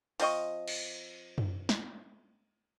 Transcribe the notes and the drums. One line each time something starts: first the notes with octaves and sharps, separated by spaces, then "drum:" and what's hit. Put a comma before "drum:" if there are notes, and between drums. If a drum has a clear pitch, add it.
F3 C4 D#5 C#6, drum: open hi-hat
drum: cymbal
drum: tom F#2
drum: snare